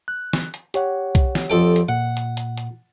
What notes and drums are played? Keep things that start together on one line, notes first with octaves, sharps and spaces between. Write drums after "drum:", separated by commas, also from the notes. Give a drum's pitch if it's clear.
F#6
drum: snare
drum: hi-hat
G4 C#5 F#5, drum: hi-hat
drum: kick B1, hi-hat
drum: snare
F2 A4 G5
drum: hi-hat
A#2 F#5
drum: hi-hat
drum: hi-hat
drum: hi-hat